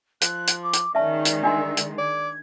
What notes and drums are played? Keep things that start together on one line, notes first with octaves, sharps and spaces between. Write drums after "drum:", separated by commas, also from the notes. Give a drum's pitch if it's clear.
F3 F#6, drum: hi-hat
drum: hi-hat
D6
drum: hi-hat
D#3 G#3 C#4 D5 E5 A5
drum: hi-hat
D4 E5 G#5 C6
drum: hi-hat
D5 G#6